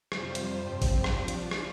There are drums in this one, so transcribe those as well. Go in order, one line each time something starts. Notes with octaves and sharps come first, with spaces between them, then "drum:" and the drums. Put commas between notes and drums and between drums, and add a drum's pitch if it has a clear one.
F2 C3 G3 F4 C5, drum: rim click
drum: hi-hat
G2 F3 C4 G4
drum: kick G#1, open hi-hat
F3 D4 F4, drum: rim click
drum: hi-hat
drum: rim click